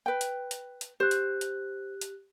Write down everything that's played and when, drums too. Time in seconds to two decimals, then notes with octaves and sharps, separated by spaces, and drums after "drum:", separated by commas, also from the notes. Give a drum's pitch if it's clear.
0.06 B4 G5
0.21 drum: hi-hat
0.51 drum: hi-hat
0.81 drum: hi-hat
1.00 G4 C5 F#6
1.11 drum: hi-hat
1.41 drum: hi-hat
2.01 drum: hi-hat